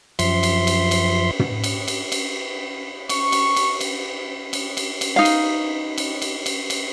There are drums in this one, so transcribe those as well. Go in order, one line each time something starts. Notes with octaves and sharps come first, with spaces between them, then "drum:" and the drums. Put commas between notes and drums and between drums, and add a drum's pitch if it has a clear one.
F#2 F3 E5 C6, drum: cymbal
drum: cymbal
drum: cymbal
drum: cymbal
drum: tom
drum: cymbal
drum: cymbal
drum: cymbal
C#6, drum: cymbal
drum: cymbal
drum: cymbal
drum: cymbal
drum: cymbal
drum: cymbal
drum: cymbal
D#4 F5
drum: cymbal
drum: cymbal
drum: cymbal
drum: cymbal
drum: cymbal